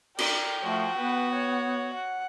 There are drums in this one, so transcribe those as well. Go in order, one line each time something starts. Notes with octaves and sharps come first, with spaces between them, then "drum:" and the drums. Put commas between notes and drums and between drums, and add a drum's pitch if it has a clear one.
A#4 D5 G5, drum: cymbal
F3 A3 F#4
B3 B4
C#5
F#5